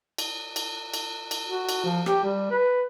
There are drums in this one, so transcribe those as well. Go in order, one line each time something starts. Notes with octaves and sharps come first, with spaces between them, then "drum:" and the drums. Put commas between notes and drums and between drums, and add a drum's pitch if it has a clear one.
drum: cymbal
drum: cymbal
drum: cymbal
drum: cymbal
F#4
drum: cymbal
F3
G4, drum: rim click
G3
B4